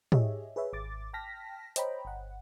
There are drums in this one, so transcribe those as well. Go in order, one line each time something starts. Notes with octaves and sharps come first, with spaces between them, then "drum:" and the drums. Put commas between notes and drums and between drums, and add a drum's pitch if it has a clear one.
G4 G#4 C#5 D#5 E5, drum: tom
G#4 B4 C#5 E5
G#1 D6 A6
G5 A5 F6 A#6 B6
C5 C#5 D#5 G5 A#5 B5, drum: hi-hat
G1 F#5